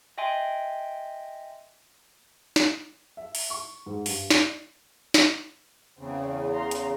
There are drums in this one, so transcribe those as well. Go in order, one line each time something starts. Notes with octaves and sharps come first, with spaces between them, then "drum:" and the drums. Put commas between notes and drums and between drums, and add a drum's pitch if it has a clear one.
D#5 E5 G5 G#5 C6
drum: snare
E5
drum: open hi-hat
C#6
G#2
G2, drum: open hi-hat
D5, drum: snare
drum: snare
E2 C#3 C4 C#4
A#5 C6
drum: hi-hat